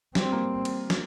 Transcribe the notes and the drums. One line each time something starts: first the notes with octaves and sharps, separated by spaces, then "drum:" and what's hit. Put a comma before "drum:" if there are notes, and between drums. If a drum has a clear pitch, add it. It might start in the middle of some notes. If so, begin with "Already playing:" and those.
G3 C4, drum: snare
A#3
drum: cymbal
drum: snare